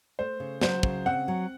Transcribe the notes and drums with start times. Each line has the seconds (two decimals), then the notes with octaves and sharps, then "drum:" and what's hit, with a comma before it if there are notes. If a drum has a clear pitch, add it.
0.19 A3 C5
0.40 C#3
0.61 F#3 C5, drum: snare
0.83 C#3, drum: kick
1.06 C4 F#5
1.28 F#3